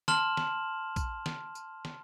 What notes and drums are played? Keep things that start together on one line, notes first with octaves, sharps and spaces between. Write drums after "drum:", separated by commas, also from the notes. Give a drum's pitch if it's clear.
A5 C6 F6 E7 F#7, drum: snare
drum: snare
drum: kick A#1, tambourine
drum: snare
drum: tambourine
drum: snare